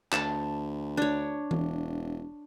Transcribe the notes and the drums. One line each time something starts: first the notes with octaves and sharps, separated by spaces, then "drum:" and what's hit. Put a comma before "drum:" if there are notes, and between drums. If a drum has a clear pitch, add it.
D2 A5, drum: clap
D4 C#5
E1, drum: tom E3